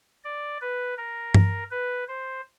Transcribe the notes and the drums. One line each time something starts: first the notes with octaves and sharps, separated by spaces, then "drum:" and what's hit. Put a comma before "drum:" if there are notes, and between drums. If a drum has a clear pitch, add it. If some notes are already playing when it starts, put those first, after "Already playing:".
D5
B4
A#4
drum: tom G2
B4
C5